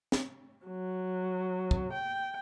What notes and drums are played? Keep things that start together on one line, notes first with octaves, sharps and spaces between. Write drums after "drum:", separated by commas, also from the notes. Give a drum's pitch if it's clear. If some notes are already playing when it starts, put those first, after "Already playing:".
drum: snare
F#3
drum: kick
G5